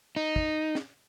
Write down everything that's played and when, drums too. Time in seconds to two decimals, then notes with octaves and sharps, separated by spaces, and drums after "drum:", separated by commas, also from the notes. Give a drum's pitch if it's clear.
0.16 D#4
0.36 drum: kick
0.75 drum: snare